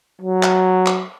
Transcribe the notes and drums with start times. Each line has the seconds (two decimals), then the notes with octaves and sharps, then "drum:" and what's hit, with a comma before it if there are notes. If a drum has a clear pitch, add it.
0.22 F#3
0.43 drum: clap
0.87 drum: clap